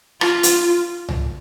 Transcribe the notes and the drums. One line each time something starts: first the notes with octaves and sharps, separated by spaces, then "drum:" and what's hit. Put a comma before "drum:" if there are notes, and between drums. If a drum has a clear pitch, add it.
F4, drum: rim click
drum: hi-hat
drum: tom C2